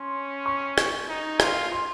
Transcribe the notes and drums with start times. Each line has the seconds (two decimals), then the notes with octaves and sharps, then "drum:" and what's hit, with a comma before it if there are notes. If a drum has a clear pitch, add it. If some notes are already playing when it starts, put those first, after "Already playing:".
Already playing: C#4 C6
0.46 C#6
0.78 drum: rim click
1.09 D#4
1.40 F4, drum: rim click
1.72 C6